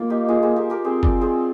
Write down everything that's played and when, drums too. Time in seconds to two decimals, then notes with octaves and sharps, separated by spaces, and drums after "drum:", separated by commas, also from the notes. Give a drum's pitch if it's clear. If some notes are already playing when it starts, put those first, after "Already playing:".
Already playing: A#3 F4
0.10 D#4 G4
0.28 F4 G#4
0.43 G#4 C5
0.56 G4 A#4
0.70 G4 A#4
0.84 C4 G#4 C5
1.03 A#4 D5, drum: kick F#1
1.21 G#4 C5